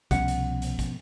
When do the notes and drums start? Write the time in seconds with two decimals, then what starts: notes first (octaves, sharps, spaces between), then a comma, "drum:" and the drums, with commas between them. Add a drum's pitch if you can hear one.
0.11 C2 B2 F3 C#4 F#5, drum: kick, hi-hat
0.28 drum: hi-hat
0.62 drum: hi-hat
0.79 drum: kick, hi-hat